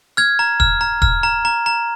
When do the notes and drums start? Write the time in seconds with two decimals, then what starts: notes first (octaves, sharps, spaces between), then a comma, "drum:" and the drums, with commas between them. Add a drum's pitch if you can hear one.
0.17 F6 G#6
0.39 A#5
0.60 F6, drum: kick
0.81 A#5
1.02 F6, drum: kick
1.23 A#5
1.45 A#5
1.66 A#5